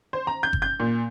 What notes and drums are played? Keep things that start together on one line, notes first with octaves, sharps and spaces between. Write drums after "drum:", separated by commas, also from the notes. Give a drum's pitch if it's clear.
C5
A#5
G6
drum: kick G1
G6
A#2